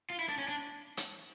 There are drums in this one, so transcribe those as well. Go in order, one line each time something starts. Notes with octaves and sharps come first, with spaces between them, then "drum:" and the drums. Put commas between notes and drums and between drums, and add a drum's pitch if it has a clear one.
F4
E4
D4
C#4
D4
drum: hi-hat